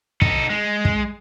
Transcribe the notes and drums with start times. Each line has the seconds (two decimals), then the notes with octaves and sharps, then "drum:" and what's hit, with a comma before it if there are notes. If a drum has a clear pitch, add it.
0.22 D#4 A4, drum: kick
0.50 G#3
0.85 drum: kick